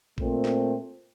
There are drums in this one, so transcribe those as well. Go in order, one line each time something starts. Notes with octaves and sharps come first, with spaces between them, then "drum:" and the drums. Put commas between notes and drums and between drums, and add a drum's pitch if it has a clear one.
A#2 A3 C4, drum: kick A1
drum: snare